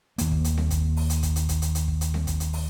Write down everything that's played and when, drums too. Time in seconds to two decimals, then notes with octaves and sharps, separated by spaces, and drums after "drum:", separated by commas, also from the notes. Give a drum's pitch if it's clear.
0.18 D#2 A#3, drum: hi-hat
0.31 drum: kick
0.44 drum: hi-hat
0.57 drum: snare C4
0.71 drum: kick, hi-hat
0.97 drum: open hi-hat
1.10 drum: hi-hat
1.23 drum: kick, hi-hat
1.36 drum: hi-hat
1.49 drum: kick, hi-hat
1.62 drum: hi-hat
1.75 drum: hi-hat
1.88 drum: kick
2.01 drum: hi-hat
2.14 drum: snare C4
2.27 drum: kick, hi-hat
2.40 drum: hi-hat
2.53 drum: open hi-hat